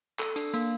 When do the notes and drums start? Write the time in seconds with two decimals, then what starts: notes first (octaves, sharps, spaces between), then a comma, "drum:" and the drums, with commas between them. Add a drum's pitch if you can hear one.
0.20 A4, drum: clap
0.36 D4, drum: hi-hat
0.54 A#3, drum: hi-hat